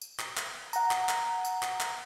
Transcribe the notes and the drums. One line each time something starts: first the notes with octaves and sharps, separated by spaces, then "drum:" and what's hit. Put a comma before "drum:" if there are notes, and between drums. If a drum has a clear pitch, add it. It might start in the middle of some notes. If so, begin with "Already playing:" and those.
drum: tambourine
drum: clap
drum: clap
F#5 A#5, drum: tambourine
drum: clap
drum: clap
drum: tambourine
drum: clap
drum: clap